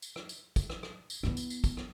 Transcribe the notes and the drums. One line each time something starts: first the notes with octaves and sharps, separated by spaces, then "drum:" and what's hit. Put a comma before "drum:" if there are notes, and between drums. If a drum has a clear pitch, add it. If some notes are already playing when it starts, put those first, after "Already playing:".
drum: tambourine
drum: rim click
drum: tambourine
drum: kick, tambourine
drum: rim click
drum: rim click
drum: tambourine
B3 E4, drum: rim click
drum: tambourine
drum: tambourine
drum: kick, tambourine
drum: rim click